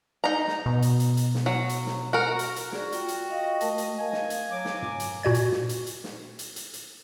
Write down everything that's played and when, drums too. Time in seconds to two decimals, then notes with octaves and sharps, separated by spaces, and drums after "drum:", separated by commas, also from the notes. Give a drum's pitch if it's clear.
0.24 D#4 A#5
0.48 drum: snare
0.66 B2
0.82 drum: hi-hat
1.00 drum: hi-hat
1.17 drum: hi-hat
1.35 drum: snare
1.46 F#3
1.69 drum: hi-hat
1.87 drum: snare
2.13 F#4 A#4
2.39 drum: hi-hat
2.56 drum: hi-hat
2.72 F#4 G#4 D5, drum: snare
2.92 F4 G5, drum: hi-hat
3.08 drum: hi-hat
3.30 D#5 F5 G5
3.61 A3 A#4 A5, drum: hi-hat
3.78 drum: hi-hat
3.99 F5 G#5
4.13 drum: snare
4.30 drum: hi-hat
4.51 F#3 D6
4.65 drum: snare
4.82 drum: tom
5.00 drum: hi-hat
5.23 A#2 F#4 D5 G#6
5.34 drum: hi-hat
5.52 drum: snare
5.69 drum: hi-hat
5.87 drum: hi-hat
6.04 drum: snare
6.39 drum: hi-hat
6.56 drum: hi-hat
6.74 drum: hi-hat